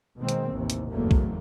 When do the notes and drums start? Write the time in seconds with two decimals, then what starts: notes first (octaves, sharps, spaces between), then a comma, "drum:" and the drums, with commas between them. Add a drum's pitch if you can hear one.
0.19 B2 D#3 G#3 A#3 C4
0.29 drum: hi-hat
0.52 A1 D#2 C3 E3
0.70 drum: hi-hat
0.90 F#1 E2 G#2 F#3 A3 A#3
1.11 drum: kick B1